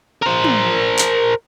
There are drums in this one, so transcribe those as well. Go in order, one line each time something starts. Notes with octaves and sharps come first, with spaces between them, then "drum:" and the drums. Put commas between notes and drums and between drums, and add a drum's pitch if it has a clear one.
A#4 C5
drum: tom
drum: clap